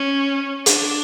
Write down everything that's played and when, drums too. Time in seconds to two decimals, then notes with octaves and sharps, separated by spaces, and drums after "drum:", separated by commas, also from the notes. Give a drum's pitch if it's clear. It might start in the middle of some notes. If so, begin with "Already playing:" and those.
Already playing: C#4
0.66 D4, drum: hi-hat